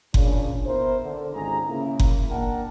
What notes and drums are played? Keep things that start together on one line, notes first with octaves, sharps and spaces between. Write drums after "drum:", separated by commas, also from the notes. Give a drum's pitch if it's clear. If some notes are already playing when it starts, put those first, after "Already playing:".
A#2 C#3 D4, drum: kick F#1
B3 E4 A#4 C5
D3
G#1 C#2 G#4 A#5
C#3 A#3 E4
drum: kick F#1
A#3 D4 A#4 F#5 G5 A5